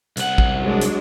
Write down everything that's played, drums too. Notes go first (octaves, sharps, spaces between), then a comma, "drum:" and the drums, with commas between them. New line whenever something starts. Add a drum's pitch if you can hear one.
C2 F#5, drum: hi-hat
drum: kick A1
F#3 G#3 D4
drum: hi-hat